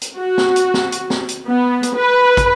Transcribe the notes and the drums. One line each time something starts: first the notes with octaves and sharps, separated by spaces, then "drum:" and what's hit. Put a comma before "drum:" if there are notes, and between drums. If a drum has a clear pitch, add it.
drum: hi-hat
F#4
drum: snare
drum: hi-hat
drum: snare
drum: hi-hat
drum: snare
drum: hi-hat
B3
drum: hi-hat
B4
drum: kick, hi-hat